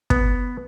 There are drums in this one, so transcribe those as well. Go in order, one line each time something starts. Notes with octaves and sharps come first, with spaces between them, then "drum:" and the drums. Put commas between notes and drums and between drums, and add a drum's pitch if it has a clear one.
B3, drum: kick